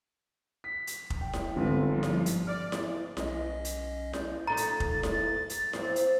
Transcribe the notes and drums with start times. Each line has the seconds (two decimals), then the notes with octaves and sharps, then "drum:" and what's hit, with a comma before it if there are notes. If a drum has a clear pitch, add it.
0.64 B6
0.87 drum: hi-hat
1.10 drum: kick F1
1.21 G5
1.33 drum: snare E4
1.56 G1 G#2 C4 B4
1.87 F3 G3
2.03 drum: snare E4
2.26 drum: hi-hat
2.47 D5 F6
2.72 drum: snare E4
3.17 B1 C#4 D#5, drum: snare E4
3.65 drum: hi-hat
4.13 D5 G6, drum: snare E4
4.47 A#2 A3 D#4 A#5 A6
4.57 drum: hi-hat
4.80 drum: kick F1
5.03 drum: snare E4
5.50 drum: hi-hat
5.73 A#3 C4, drum: snare E4
5.96 drum: hi-hat